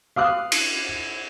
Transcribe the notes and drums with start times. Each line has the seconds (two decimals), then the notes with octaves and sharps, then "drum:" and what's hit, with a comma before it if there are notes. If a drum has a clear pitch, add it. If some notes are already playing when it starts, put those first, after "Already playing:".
0.16 F5 D6 D#6 F#6
0.52 drum: cymbal